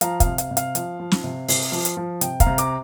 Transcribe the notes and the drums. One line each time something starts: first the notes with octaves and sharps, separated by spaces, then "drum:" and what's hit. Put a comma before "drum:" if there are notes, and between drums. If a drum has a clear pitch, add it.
F3 F5 A#5, drum: hi-hat
F5, drum: kick, hi-hat
C3
F5, drum: hi-hat
C3
F5, drum: hi-hat
F3, drum: hi-hat
F3
drum: snare
C3
C3, drum: open hi-hat
F3
drum: hi-hat
F3
C3 G5, drum: hi-hat
F5 A#5, drum: kick, hi-hat
C3
A#5 D6, drum: hi-hat